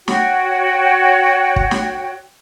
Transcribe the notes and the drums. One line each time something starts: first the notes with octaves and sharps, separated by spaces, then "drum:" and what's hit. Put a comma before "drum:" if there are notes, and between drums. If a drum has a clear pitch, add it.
F#4 C#5 G5, drum: snare
drum: kick
drum: snare